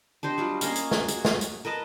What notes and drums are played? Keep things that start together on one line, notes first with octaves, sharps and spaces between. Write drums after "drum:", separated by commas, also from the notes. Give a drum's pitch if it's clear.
D4 G4 C5 D#5
F#3 G3 F4
A#3 C#4 D#5 F5, drum: hi-hat
drum: hi-hat
G#4, drum: snare
F#4, drum: hi-hat
drum: snare
drum: hi-hat
A#4 B4 D#5 A5